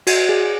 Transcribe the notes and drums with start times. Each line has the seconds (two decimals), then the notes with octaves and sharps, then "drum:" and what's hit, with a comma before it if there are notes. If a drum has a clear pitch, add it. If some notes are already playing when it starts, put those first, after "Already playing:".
0.07 F#4, drum: cymbal
0.29 G#4